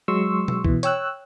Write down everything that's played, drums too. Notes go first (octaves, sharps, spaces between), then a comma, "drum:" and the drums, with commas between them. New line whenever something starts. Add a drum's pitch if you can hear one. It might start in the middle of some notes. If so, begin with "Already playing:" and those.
F#3 G#3 C6 C#6 E6
drum: tom B2
B2 E3, drum: kick C2
C#5 G5 E6 F#6, drum: hi-hat